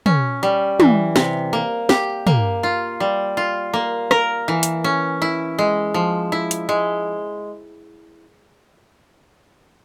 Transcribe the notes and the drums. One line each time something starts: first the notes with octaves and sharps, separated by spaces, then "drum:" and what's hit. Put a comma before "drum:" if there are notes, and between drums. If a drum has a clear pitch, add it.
C#4, drum: tom
G3
E3, drum: tom
C3, drum: snare
A#3
G4, drum: snare
A#3, drum: tom
F4
G3
F4
A#3
A#4, drum: rim click
E3
drum: hi-hat
C#4
E4
G#3
F3
E4
drum: hi-hat
G#3